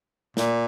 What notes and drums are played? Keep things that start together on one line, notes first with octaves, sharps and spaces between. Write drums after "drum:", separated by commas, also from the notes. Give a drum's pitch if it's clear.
A#2, drum: snare